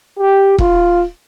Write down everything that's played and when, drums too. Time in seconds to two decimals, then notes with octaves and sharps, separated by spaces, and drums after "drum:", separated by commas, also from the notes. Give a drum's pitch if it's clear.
0.18 G4
0.58 F4, drum: kick E1